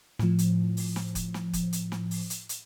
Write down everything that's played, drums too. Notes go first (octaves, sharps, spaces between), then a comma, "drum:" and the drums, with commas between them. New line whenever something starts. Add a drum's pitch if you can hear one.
A2 F3, drum: snare
drum: hi-hat
drum: open hi-hat
drum: snare
drum: kick F#1, hi-hat
drum: snare
drum: kick F#1, hi-hat
drum: hi-hat
drum: snare
drum: open hi-hat
drum: hi-hat
drum: hi-hat